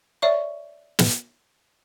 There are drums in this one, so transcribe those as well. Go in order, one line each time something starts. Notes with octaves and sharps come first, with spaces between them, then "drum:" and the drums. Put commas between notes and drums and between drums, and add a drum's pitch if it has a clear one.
C#5 D5 E5 C#6
drum: snare